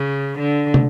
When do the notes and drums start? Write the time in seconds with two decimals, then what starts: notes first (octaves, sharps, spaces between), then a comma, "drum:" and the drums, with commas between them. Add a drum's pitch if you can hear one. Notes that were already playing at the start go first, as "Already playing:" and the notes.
Already playing: C#3
0.39 D3
0.74 drum: tom